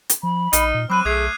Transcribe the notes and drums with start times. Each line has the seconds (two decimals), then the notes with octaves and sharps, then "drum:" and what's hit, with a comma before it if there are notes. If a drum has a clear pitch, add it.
0.09 drum: hi-hat
0.23 F3 B5
0.53 A#1 D#4 F6, drum: hi-hat
0.74 A#2
0.90 F#3 C4 B5 D6 F#6 D#7
1.05 B1 A3 G#4 D#6 G#6 C7